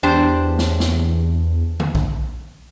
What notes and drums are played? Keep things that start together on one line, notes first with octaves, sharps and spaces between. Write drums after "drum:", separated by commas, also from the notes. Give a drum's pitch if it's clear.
E2 D4 G4 C5
drum: snare
drum: snare
drum: tom D3
drum: kick A#1